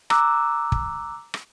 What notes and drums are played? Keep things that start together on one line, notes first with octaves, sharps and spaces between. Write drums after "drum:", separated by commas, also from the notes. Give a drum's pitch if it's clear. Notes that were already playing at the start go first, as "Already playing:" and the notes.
A#5 D6 E6 F#6, drum: rim click
drum: kick
drum: rim click